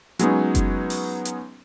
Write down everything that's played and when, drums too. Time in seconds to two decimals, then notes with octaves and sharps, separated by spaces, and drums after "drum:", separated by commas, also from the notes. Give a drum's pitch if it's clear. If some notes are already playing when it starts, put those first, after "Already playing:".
0.19 F#3 G#3 B3 C#4 D#4, drum: hi-hat
0.55 drum: kick F#1, hi-hat
0.90 drum: open hi-hat
1.25 drum: hi-hat